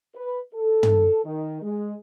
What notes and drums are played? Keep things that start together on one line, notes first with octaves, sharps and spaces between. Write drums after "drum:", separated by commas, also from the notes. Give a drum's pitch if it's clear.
B4
A4
drum: tom
D#3
G#3